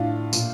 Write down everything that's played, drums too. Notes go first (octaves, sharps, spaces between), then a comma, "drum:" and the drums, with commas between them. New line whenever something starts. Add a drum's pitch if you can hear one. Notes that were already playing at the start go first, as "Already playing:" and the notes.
Already playing: A2 D4 F4
A#2, drum: tambourine